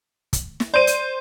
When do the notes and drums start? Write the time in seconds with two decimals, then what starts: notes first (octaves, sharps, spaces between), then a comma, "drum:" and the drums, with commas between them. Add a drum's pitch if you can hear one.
0.33 drum: kick, hi-hat
0.60 drum: snare
0.74 C5 D5 D#7
0.87 drum: hi-hat